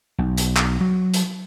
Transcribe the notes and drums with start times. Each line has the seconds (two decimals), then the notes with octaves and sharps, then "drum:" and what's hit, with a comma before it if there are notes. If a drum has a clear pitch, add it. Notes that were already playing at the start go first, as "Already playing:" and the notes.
0.18 B1
0.37 drum: hi-hat
0.57 drum: clap
0.81 F#3
1.14 drum: hi-hat